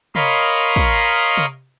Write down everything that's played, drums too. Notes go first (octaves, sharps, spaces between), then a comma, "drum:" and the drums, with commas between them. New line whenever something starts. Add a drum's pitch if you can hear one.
A#4 C#5 D#5 F5 B5 C6, drum: tom C3
drum: kick
drum: tom C3